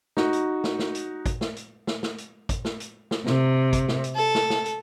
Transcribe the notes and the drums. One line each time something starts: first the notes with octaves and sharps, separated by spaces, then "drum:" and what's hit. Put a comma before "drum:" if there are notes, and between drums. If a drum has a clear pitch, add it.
D#4 F#4, drum: snare
drum: hi-hat
drum: snare
drum: snare
drum: hi-hat
drum: kick, hi-hat
drum: snare
drum: hi-hat
drum: snare
drum: snare
drum: hi-hat
drum: kick, hi-hat
drum: snare
drum: hi-hat
drum: snare
C3, drum: snare
drum: kick, hi-hat
drum: snare
drum: hi-hat
A4
drum: snare
drum: snare
drum: hi-hat